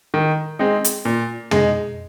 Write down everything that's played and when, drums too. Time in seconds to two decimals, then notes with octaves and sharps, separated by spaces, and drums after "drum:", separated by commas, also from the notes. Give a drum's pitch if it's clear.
0.14 D#3
0.59 G#3 C4 D#4
0.84 drum: hi-hat
1.05 A#2
1.51 G#3 D#4, drum: tom